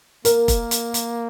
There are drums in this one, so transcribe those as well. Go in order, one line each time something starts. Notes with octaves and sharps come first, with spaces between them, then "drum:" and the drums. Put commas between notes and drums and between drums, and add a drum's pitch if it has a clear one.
A#3 A#4, drum: hi-hat
drum: kick F1, hi-hat
drum: hi-hat
drum: hi-hat